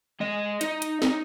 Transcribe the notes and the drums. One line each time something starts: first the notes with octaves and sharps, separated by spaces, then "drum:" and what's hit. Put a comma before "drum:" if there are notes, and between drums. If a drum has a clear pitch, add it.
G#3 D#5
D#4, drum: hi-hat
drum: hi-hat
D#4, drum: snare